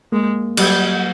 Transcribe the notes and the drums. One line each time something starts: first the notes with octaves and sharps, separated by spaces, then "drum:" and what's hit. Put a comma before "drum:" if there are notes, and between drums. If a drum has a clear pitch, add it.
G#3 A#3
F#3 G3, drum: cymbal